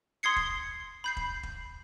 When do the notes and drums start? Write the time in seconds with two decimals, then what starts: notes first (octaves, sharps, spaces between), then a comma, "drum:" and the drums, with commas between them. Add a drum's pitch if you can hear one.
0.23 C6 D#6 G#6 C7 C#7
0.36 drum: kick E1
1.04 B5 G6 C7
1.17 drum: kick E1
1.43 drum: kick E1